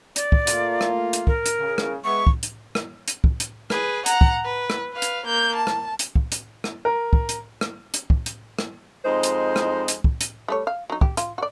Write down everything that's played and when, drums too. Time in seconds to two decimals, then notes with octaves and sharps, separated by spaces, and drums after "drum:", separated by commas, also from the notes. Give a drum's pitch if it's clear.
0.16 D5, drum: hi-hat
0.32 drum: kick
0.47 A3 A#3 F4, drum: hi-hat
0.81 drum: rim click
1.13 drum: hi-hat
1.27 A#4, drum: kick
1.46 drum: hi-hat
1.59 C#3
1.78 drum: rim click
2.04 G#3 B3 E5 C#6
2.27 drum: kick
2.43 drum: hi-hat
2.75 drum: rim click
3.08 drum: hi-hat
3.24 drum: kick
3.40 drum: hi-hat
3.70 G#4 B4, drum: rim click
4.06 F#5 A#5, drum: hi-hat
4.21 drum: kick
4.44 B4
4.70 drum: rim click
4.93 B4 F5
5.02 drum: hi-hat
5.26 A#3 G6
5.56 A5
5.67 drum: rim click
5.99 drum: hi-hat
6.15 drum: kick
6.32 drum: hi-hat
6.64 drum: rim click
6.85 A#4
7.13 drum: kick
7.29 drum: hi-hat
7.61 drum: rim click
7.94 drum: hi-hat
8.10 drum: kick
8.26 drum: hi-hat
8.59 drum: rim click
9.04 F2 G#3 D#4 C5
9.23 drum: hi-hat
9.56 drum: rim click
9.88 drum: hi-hat
10.04 drum: kick
10.21 drum: hi-hat
10.48 G3 A3 C#5
10.67 F5
10.90 F#3 D#4
11.01 G4, drum: kick
11.17 F4, drum: hi-hat
11.38 F#4 D5